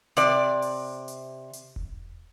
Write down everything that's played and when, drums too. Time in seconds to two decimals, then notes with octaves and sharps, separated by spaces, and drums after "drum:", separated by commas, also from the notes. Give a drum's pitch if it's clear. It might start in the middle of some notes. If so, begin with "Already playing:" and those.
0.17 C3 D5, drum: hi-hat
0.62 drum: open hi-hat
1.08 drum: hi-hat
1.53 drum: hi-hat
1.76 drum: kick E1